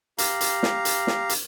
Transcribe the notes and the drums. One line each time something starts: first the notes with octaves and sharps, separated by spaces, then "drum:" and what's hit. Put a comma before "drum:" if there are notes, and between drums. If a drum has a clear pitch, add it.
G4 F5 A#5, drum: hi-hat
drum: hi-hat
drum: snare
drum: hi-hat
drum: snare
drum: hi-hat